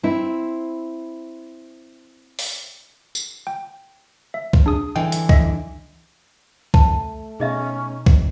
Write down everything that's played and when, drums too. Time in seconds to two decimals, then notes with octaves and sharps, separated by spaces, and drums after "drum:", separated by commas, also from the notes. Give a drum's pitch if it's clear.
0.03 C4 E4
2.39 drum: open hi-hat
3.15 drum: tambourine
3.47 G5
4.34 E5
4.53 drum: kick C2
4.66 D4 G#4 D#6
4.96 D3 E3 G5
5.12 drum: hi-hat
5.29 D#5 E5, drum: kick C2
6.74 A3 A5, drum: kick C2
7.40 B2 C#4 D#4 G#4 D#5 E5
8.06 drum: kick C2